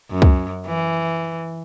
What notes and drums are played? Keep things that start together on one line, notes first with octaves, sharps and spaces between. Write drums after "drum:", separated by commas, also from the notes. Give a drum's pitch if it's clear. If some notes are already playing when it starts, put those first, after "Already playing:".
F#2
drum: kick
E3